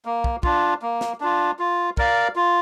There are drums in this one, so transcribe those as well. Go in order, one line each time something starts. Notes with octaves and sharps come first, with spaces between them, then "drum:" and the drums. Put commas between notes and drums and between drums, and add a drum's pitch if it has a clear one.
A#3
drum: kick
D4 F4, drum: kick
A#3
drum: snare
D4 F4
F4
A#4 D5 F5, drum: kick
F4